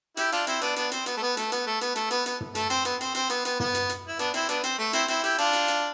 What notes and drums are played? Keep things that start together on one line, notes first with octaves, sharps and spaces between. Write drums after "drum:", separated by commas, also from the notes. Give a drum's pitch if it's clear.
E4 G4, drum: hi-hat
D4 F4, drum: hi-hat
C4 E4, drum: hi-hat
B3 D4, drum: hi-hat
B3 D4, drum: hi-hat
C4, drum: hi-hat
B3, drum: hi-hat
A3
B3
A3, drum: hi-hat
B3, drum: hi-hat
A3
B3, drum: hi-hat
A3, drum: hi-hat
B3, drum: hi-hat
B3, drum: hi-hat
drum: tom
A3, drum: hi-hat
C4, drum: hi-hat
B3, drum: hi-hat
C4, drum: hi-hat
C4, drum: hi-hat
B3, drum: hi-hat
B3, drum: hi-hat
B3, drum: tom
drum: hi-hat
drum: hi-hat
E4
B3 D4, drum: hi-hat
C4 E4, drum: hi-hat
B3 D4, drum: hi-hat
C4, drum: hi-hat
A3
C4 E4, drum: hi-hat
C4 E4, drum: hi-hat
E4 G4, drum: hi-hat
D4 F4, drum: hi-hat
drum: hi-hat
drum: hi-hat